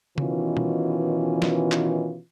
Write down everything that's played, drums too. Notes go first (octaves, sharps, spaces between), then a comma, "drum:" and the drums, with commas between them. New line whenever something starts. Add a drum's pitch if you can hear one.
B2 D#3 E3 C#4 F4, drum: tom C#3
drum: tom B2
drum: snare
drum: clap